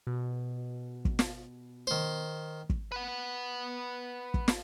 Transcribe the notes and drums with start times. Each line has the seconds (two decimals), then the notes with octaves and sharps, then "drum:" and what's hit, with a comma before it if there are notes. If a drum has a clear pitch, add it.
0.07 B2
1.05 drum: kick
1.19 drum: snare
1.87 D#3 C5
2.70 drum: kick
2.92 B4 F#5
4.34 drum: kick
4.48 drum: snare